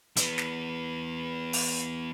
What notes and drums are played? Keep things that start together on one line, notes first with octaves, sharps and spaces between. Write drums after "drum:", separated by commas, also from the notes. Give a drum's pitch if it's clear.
E3 B3, drum: hi-hat
drum: snare
drum: open hi-hat